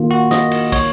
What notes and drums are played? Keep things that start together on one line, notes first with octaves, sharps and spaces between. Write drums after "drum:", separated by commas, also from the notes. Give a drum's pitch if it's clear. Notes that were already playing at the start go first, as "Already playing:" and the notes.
Already playing: D#3 A#3 F4
F#4
D#5, drum: snare
drum: cymbal
C#5, drum: kick, cymbal